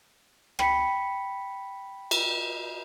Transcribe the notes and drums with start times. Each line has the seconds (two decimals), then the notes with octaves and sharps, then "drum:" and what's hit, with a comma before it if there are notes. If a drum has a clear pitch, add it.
0.59 G5 B5 B6 C#7, drum: rim click
2.11 drum: cymbal